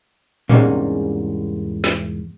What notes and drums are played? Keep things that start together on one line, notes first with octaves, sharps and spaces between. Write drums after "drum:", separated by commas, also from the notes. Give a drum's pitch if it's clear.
E2 G#2 C3 G3 A#3 C#4, drum: tom A2
drum: snare